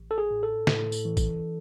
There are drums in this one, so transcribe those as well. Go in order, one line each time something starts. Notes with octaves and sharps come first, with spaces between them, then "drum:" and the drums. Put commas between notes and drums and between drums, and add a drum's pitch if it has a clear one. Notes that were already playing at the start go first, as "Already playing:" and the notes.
Already playing: A1
A4
G#4
A2
A4
A2, drum: snare
drum: tambourine
E3
drum: kick, tambourine